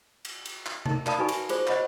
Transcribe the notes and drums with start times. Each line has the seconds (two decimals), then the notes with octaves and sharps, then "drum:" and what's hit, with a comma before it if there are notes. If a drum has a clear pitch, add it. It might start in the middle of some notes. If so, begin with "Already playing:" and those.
0.25 drum: cymbal
0.45 drum: cymbal
0.66 drum: clap
0.86 D#4 A#4, drum: tom C3
1.06 A#4 D5 F5 A5 B5 D#6, drum: clap
1.19 D#4 F#4 B4 G#5 B5 C#6
1.29 drum: cymbal
1.49 F4 G#4 C5, drum: cymbal
1.67 C5 C#5 D#5 F#5 B5 C#6, drum: clap